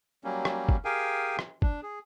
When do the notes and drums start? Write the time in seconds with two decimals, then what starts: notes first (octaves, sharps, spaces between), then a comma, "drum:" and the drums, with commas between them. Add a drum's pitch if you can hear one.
0.24 F#3 G3 A#3 C#4
0.45 drum: rim click
0.69 drum: kick
0.85 G4 G#4 A#4 F5 G5 G#5
1.39 drum: rim click
1.62 D4, drum: kick
1.83 G#4